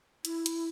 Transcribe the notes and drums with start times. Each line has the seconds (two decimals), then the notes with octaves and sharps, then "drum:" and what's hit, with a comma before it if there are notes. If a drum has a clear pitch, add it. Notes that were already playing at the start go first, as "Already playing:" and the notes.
0.25 E4, drum: hi-hat
0.46 drum: hi-hat